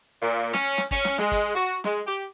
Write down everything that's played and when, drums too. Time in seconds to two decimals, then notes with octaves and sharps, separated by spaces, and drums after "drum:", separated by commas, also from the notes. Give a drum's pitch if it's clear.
0.21 A#2
0.54 C#4, drum: snare
0.78 drum: snare
0.91 C#4, drum: kick
1.05 drum: snare
1.18 G#3, drum: snare
1.32 drum: kick, hi-hat
1.54 F#4
1.84 G#3, drum: snare
2.06 G4